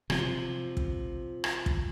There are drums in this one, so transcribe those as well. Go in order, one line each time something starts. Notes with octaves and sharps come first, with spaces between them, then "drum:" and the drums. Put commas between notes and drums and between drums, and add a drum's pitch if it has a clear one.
C3 F3, drum: rim click
drum: kick
drum: rim click
drum: kick